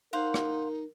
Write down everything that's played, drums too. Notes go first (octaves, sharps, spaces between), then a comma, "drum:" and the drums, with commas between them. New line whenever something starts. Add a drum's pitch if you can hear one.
D#4 A#4 C5 F5 F#5
drum: rim click